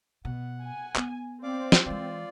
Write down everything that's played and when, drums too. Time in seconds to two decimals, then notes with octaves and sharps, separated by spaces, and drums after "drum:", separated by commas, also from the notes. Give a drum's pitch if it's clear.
0.25 B2 F#5
0.63 G#5
0.96 B3, drum: clap
1.43 C4 D5 F5 D6
1.72 drum: snare
1.86 E3 G#3 F4 D5